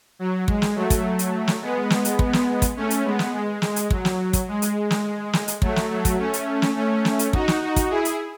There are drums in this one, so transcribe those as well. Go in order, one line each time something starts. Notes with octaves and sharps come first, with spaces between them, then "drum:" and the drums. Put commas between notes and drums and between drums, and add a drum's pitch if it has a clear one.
F#3
G#3, drum: kick
drum: snare
F#3 A3
drum: kick, hi-hat
drum: hi-hat
drum: snare
G#3 B3
drum: snare
drum: hi-hat
drum: kick
drum: snare
drum: kick, hi-hat
A3 C#4
drum: hi-hat
G#3 B3
drum: snare
G#3
G#3, drum: snare
drum: hi-hat
F#3, drum: kick
drum: snare
drum: kick, hi-hat
G#3
drum: hi-hat
drum: snare
drum: snare
drum: hi-hat
F#3 A3, drum: kick
drum: snare
F#3 A3
drum: kick, hi-hat
A3 C#4
drum: hi-hat
drum: snare
A3 C#4
drum: snare
drum: hi-hat
D#4 F#4, drum: kick
drum: snare
D#4 F#4
drum: kick, hi-hat
E4 G#4
drum: hi-hat